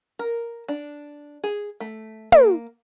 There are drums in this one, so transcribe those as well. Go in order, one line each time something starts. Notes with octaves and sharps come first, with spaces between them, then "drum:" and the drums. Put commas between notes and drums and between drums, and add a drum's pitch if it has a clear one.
A#4
D4
G#4
A3
A#3, drum: tom